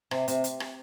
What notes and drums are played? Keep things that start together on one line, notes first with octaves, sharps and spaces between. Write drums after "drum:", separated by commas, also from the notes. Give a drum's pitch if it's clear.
C3, drum: rim click
C3, drum: hi-hat
drum: hi-hat
drum: rim click